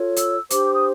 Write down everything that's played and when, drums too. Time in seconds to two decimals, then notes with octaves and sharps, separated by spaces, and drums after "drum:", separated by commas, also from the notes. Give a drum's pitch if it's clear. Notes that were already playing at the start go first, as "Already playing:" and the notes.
Already playing: F4 A4 C#5
0.16 E6, drum: hi-hat
0.50 D4 G4 C5 D6, drum: hi-hat
0.74 D#6